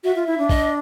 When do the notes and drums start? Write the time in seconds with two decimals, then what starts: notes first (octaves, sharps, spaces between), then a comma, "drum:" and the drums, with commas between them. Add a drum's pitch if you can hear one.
0.04 F#4 E5
0.16 F4
0.27 E4
0.38 D4
0.49 D#5, drum: kick